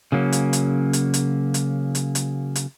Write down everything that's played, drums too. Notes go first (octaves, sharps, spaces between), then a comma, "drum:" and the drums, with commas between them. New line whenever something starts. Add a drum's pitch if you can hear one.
C#3 F#3 A#3 C#4
drum: hi-hat
drum: hi-hat
drum: hi-hat
drum: hi-hat
drum: hi-hat
drum: hi-hat
drum: hi-hat
drum: hi-hat